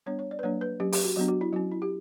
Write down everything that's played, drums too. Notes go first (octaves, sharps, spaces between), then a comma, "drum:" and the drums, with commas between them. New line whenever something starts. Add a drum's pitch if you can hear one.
G3 B3 D4 C#5
C#5
D5
B4
F#3 A#3 D4 C#5
B4
F#3 C#4 G4
G4, drum: open hi-hat
F#4
F#3 B3 D4 F#4
F#4
E4
F#3 C#4 F#4
E4
G4